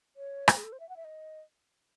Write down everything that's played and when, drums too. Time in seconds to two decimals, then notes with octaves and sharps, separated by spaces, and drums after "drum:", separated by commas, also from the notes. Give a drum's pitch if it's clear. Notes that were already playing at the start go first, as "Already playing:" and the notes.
0.16 C#5
0.48 C5, drum: rim click
0.57 G#4
0.64 A4
0.72 C5
0.80 E5
0.89 F#5
0.96 E5
1.04 D#5